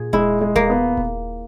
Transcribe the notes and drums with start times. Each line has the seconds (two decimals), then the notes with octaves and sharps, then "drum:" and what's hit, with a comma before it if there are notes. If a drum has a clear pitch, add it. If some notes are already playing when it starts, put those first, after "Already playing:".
Already playing: A#2 G#4
0.13 G#3 E4, drum: kick D#1
0.41 G#3
0.56 A#3, drum: kick D#1
0.70 B3
0.97 drum: kick D#1